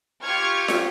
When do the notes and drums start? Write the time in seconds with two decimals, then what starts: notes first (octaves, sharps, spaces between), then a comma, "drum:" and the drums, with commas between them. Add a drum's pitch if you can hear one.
0.23 F4 G4 C#6 F6 G#6
0.68 drum: snare